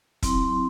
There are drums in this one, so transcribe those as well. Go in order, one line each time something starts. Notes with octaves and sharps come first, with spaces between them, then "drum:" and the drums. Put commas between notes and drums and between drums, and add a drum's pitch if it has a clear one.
F#3 C4 E4 C6, drum: kick, hi-hat